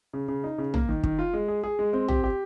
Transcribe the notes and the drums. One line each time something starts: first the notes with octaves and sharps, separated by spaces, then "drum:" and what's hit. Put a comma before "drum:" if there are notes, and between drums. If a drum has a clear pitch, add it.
C#3
C#3
D#4
C#3
A#3, drum: tom
D#3
D#3, drum: kick
F4
G#3
G#4
G#4
G#3
C4
G4, drum: tom
G4